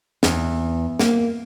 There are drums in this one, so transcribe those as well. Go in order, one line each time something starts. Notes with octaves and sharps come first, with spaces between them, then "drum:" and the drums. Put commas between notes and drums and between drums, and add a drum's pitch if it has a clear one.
E2, drum: snare
A#3, drum: snare